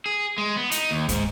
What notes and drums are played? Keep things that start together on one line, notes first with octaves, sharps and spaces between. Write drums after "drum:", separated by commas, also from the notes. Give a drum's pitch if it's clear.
G#4
G#3
B3
D#4, drum: hi-hat
D#2
G#2, drum: kick, hi-hat